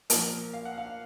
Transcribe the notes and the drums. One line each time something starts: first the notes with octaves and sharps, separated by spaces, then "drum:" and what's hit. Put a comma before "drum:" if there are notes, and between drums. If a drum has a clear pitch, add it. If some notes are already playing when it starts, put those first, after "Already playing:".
A#2 F3 A#4, drum: hi-hat
F5
F#5
F5